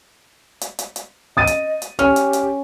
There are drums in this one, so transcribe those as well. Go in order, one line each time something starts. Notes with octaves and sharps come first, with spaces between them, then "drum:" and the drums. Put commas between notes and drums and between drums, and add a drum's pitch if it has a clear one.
drum: hi-hat
drum: hi-hat
drum: hi-hat
D#5 D#6 A6 D#7
drum: hi-hat
drum: hi-hat
C#4 G4 F6
drum: hi-hat
drum: hi-hat